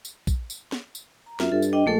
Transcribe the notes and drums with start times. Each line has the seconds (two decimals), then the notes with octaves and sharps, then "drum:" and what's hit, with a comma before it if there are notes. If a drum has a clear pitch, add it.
0.05 drum: tambourine
0.27 drum: kick, tambourine
0.50 drum: tambourine
0.72 drum: snare
0.95 drum: tambourine
1.26 A#5
1.40 F#2 F4 E5, drum: snare
1.52 G2 A4
1.62 drum: tambourine
1.73 D4 D#5 G5
1.86 A#1 G#3 A3 A4